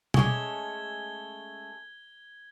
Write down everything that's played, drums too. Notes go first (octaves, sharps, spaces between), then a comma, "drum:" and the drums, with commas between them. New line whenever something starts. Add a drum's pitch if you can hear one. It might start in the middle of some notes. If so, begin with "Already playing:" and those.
G#3 A3 C#4 G#5 C#6 D6 G#6 G7, drum: tom B2